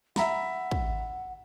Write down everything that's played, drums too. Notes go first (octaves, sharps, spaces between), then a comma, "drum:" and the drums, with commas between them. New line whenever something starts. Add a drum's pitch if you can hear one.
E5 F#5 A#5 B5, drum: snare
drum: kick